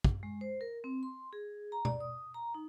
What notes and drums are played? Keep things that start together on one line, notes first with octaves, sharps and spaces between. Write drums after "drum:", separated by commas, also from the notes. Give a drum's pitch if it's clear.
drum: kick
G#3
C5
A#4
C4
C6
G#4
A#5
D5, drum: tom B2
D#6
A#5
D#4